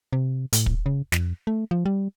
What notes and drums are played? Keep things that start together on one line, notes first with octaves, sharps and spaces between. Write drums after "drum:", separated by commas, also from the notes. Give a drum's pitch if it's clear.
C3
A2, drum: hi-hat
drum: kick
C#3
F2, drum: snare
A3
F3
G3